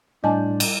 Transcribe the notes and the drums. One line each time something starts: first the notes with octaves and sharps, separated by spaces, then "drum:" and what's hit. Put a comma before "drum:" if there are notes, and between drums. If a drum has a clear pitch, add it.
A2 G3 D4 D#5 G#5 A5
drum: cymbal